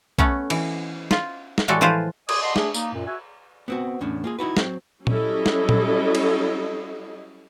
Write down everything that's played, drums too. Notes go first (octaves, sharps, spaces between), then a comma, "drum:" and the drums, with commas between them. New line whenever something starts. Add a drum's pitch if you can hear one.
A3 B3 C#4, drum: kick B1
E3, drum: cymbal
F4, drum: snare
drum: snare
A2 E3 G3 G#3 F#4 A4
E3 F3 F4 B4 C5
D#5 G#5 C6 D6 D#6, drum: cymbal
D5 D#5 F#5 A5 C6 D#6
A3 D4 G#4, drum: snare
A#3 D#4, drum: tambourine
F#2 A#2
F#4 E5 G#5
B3 C4 F#4
E2 A2 C#4 D4
A#3 F4 G#4
D#4 E4 F#4 B4
F#3 C4, drum: snare
F#3 G3 C#4 E4 A4 D#5, drum: tom A#2
drum: snare
drum: tom A#2
drum: cymbal